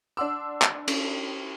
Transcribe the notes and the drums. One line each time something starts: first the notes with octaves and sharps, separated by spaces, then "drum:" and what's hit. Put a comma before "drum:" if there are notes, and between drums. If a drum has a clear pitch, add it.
D4 F#5 C6 D6 E6
drum: clap
C#4, drum: cymbal